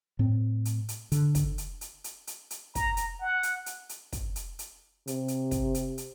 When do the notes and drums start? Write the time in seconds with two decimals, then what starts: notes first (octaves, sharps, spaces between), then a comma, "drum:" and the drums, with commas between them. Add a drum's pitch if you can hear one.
0.19 A2 C4
0.65 drum: hi-hat
0.89 drum: hi-hat
1.12 D3, drum: hi-hat
1.35 drum: kick, hi-hat
1.58 drum: hi-hat
1.81 drum: hi-hat
2.04 drum: hi-hat
2.27 drum: hi-hat
2.50 drum: hi-hat
2.75 A#5, drum: kick, hi-hat
2.97 drum: hi-hat
3.20 F#5
3.43 drum: hi-hat
3.66 drum: hi-hat
3.89 drum: hi-hat
4.12 drum: kick, hi-hat
4.36 drum: hi-hat
4.59 drum: hi-hat
5.07 C3, drum: hi-hat
5.28 drum: hi-hat
5.51 drum: kick, hi-hat
5.74 drum: hi-hat
5.98 drum: hi-hat